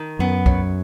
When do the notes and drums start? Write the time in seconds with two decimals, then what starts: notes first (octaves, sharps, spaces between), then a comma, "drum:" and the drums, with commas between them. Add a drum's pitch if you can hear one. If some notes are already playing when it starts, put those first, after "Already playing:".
Already playing: D#3
0.19 F#2 B3
0.46 F#3, drum: kick C2